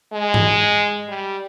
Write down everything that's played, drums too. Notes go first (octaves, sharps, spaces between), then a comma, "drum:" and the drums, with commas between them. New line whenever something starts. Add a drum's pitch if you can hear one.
G#3
drum: tom G#2
G3